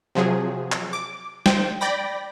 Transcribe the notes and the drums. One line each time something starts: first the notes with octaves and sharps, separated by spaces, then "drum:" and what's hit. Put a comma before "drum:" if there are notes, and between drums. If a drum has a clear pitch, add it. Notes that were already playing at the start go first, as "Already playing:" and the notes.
C3 F3 F#3 G#4
drum: clap
D6
C5 G5, drum: snare
D5 G5 B5 A#6